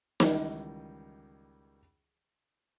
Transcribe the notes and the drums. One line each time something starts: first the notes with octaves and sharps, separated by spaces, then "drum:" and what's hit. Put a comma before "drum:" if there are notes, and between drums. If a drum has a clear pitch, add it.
C#2 D#3 E3 G3, drum: snare